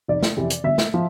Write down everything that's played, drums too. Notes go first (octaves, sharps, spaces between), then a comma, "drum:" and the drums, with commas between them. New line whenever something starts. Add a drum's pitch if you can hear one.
F1 D5
drum: snare
F2 C3 E3
drum: hi-hat
G1 E5
drum: snare
F3